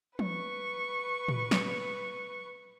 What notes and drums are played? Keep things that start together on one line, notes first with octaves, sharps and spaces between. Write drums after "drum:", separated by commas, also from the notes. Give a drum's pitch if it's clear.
B4 C#6, drum: tom
drum: tom A2
drum: snare